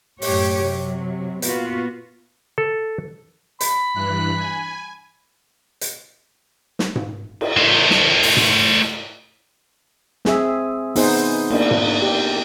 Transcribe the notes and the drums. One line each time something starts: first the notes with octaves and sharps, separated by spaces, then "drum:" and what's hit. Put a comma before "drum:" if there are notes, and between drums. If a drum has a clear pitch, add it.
F#2 A2 A3 G4 C#5, drum: open hi-hat
C3 F#3
A#2 B3 F4 F#4 B4, drum: hi-hat
A4
B5, drum: hi-hat
G2 E3 F#6
G#5
drum: hi-hat
drum: snare
drum: tom G#2
drum: cymbal
A3 C5
drum: snare
drum: open hi-hat
drum: tom G#2
C4 G#4 E5, drum: snare
B3 D#4 G#4 C5, drum: open hi-hat
A#3 D4, drum: cymbal
drum: tom G#2
G4